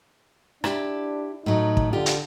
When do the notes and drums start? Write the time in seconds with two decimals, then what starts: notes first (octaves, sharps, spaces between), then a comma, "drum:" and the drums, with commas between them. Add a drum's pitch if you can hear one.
0.64 D4 E4 G4, drum: rim click
1.46 A2 F#3 D#4
1.77 drum: kick
1.93 D3 F4 G4
2.06 drum: hi-hat